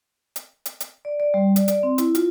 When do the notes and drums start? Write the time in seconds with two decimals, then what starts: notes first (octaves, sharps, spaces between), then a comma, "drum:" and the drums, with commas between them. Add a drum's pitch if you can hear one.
0.36 drum: hi-hat
0.66 drum: hi-hat
0.80 drum: hi-hat
1.05 D5
1.20 D5
1.34 G3
1.56 D5, drum: hi-hat
1.68 D5, drum: hi-hat
1.83 C4
1.98 E4, drum: hi-hat
2.15 F4, drum: hi-hat